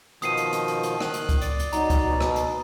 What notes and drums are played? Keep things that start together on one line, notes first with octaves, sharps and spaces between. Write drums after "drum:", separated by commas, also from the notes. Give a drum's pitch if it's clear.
B2 D#3 F3 D#6 C7 D#7, drum: hi-hat
drum: hi-hat
drum: hi-hat
drum: hi-hat
drum: hi-hat
D#3 F#6, drum: rim click
drum: hi-hat
drum: kick C#2, hi-hat
D5, drum: hi-hat
drum: hi-hat
F#3 D#4 A#5, drum: hi-hat
drum: kick C#2, hi-hat
B2
drum: rim click
drum: hi-hat